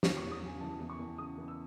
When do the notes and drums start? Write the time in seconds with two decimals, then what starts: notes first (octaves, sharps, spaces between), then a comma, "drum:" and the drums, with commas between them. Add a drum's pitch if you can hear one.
0.03 E2 C#6, drum: snare
0.17 E2 C#6
0.31 D#6
0.41 C#3 G#5
0.61 E3 A5
0.80 E2
0.90 C#6
0.99 E2
1.18 C#3 D#6
1.38 E3
1.48 E6